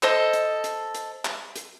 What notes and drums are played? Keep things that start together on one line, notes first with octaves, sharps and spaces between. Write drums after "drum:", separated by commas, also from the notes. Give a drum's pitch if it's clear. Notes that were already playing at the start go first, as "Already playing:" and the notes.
A4 C5 D#5, drum: clap
drum: hi-hat
drum: hi-hat
drum: hi-hat
drum: clap
drum: hi-hat